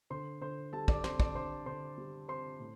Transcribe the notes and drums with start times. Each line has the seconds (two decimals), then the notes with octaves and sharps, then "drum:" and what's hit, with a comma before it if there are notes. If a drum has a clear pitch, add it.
0.10 D3 C5 C6
0.41 D3 C5 C6
0.72 G3 A4 A5
0.88 D5 D6, drum: kick
1.04 C4 C5 C6, drum: snare
1.20 D5 D6, drum: kick
1.35 D3 C5 C6
1.66 D3 C5 C6
1.98 G3
2.28 C4 C5 C6
2.60 A2